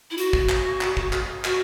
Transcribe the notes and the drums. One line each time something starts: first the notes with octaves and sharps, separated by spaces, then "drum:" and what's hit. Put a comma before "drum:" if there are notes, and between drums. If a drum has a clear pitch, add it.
E4
F#4, drum: hi-hat
drum: kick
drum: clap
drum: clap
drum: kick
drum: clap
F#4, drum: clap